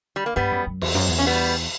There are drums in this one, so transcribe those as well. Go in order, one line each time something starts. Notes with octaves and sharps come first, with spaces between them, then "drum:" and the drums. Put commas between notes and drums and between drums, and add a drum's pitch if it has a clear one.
G3
A#3
G2 G3 B3
F#2
F#2
E2, drum: cymbal
F#2
E2
C#4
G3 B3